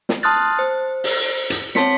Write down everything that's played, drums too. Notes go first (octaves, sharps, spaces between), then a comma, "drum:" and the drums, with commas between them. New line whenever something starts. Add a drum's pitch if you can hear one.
drum: snare
A5 C6 D#6 F6 F#6 A6
C5
drum: open hi-hat
drum: hi-hat
C4 C#5 A5 C6 B6 C#7, drum: snare